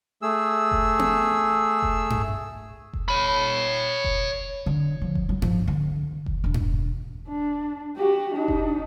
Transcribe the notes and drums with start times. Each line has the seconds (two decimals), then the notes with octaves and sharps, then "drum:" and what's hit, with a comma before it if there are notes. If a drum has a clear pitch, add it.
0.22 A3 G#4 E6
0.72 drum: kick F1
0.99 drum: tom B3
1.83 drum: kick F1
2.10 drum: tom G2
2.93 drum: kick F1
3.09 C#5 B5
4.04 drum: kick F1
4.66 D3
5.02 F3
5.15 drum: kick F1
5.29 F#3
5.42 F3, drum: tom G2
5.68 D3
6.26 drum: kick F1
6.44 E1 D4
6.54 drum: tom G2
7.28 D4
7.96 F#4 G4
8.35 D4 D#4
8.48 drum: kick F1